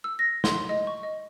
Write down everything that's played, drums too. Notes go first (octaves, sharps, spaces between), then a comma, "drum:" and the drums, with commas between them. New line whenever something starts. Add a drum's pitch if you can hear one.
E6
A#6
C6, drum: snare
D#5
C#6
D#5